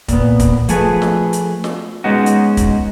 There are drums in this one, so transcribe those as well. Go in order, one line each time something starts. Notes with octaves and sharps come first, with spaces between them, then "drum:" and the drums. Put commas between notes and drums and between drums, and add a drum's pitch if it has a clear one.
A#2 B3, drum: kick, hi-hat
drum: kick, hi-hat
F3 A3 G#4 B4, drum: hi-hat
drum: snare
drum: hi-hat
drum: snare
G#3 B3 C#4 D#4 F#4
drum: hi-hat
drum: kick, hi-hat